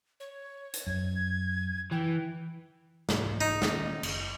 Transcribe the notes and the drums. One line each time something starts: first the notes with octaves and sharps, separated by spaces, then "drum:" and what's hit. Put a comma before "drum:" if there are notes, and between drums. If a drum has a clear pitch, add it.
C#5
drum: hi-hat
F#2 G#6
E3 G5
C2 G#2 E3, drum: snare
D#4
D#1 D#3 C#4, drum: snare
F#1, drum: cymbal